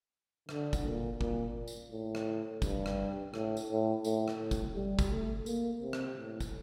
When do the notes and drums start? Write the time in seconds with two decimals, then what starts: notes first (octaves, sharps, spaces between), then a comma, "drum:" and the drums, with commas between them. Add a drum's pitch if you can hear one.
0.49 D3, drum: rim click
0.73 drum: kick, tambourine
0.85 A#2
1.21 A#2, drum: kick
1.68 drum: tambourine
1.92 A2
2.15 drum: rim click
2.62 G2, drum: kick, tambourine
2.86 drum: rim click
3.34 A2, drum: rim click
3.57 drum: tambourine
3.68 A2
4.04 A2, drum: tambourine
4.28 drum: rim click
4.39 A2
4.51 drum: kick, tambourine
4.75 G3
4.99 drum: kick, tambourine
5.11 A3
5.46 A#3, drum: tambourine
5.82 C3
5.93 drum: rim click
6.17 A2
6.40 drum: kick, tambourine